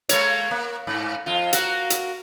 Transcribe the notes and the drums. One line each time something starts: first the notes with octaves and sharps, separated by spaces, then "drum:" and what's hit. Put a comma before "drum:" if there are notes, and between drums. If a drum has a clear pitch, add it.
G#3 A#3 C#5, drum: hi-hat
A#3
G#2
F2 F4
A#3 F#4, drum: hi-hat
drum: hi-hat